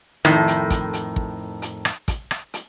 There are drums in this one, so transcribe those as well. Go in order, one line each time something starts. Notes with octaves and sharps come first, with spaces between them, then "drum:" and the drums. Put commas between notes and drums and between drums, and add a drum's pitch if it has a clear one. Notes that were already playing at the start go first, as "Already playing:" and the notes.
F2 A2 D#3, drum: rim click
drum: hi-hat
drum: kick, hi-hat
drum: hi-hat
drum: kick
drum: hi-hat
drum: rim click
drum: kick, hi-hat
drum: rim click
drum: hi-hat